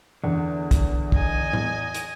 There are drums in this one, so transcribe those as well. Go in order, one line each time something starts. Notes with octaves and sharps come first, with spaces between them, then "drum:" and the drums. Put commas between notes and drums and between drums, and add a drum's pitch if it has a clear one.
E2 D3
drum: kick, hi-hat
D#5 G#5, drum: kick
drum: tom A2
drum: hi-hat